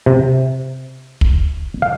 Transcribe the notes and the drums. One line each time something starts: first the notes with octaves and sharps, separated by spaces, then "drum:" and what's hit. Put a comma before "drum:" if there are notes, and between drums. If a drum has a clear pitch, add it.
C3
drum: kick
F5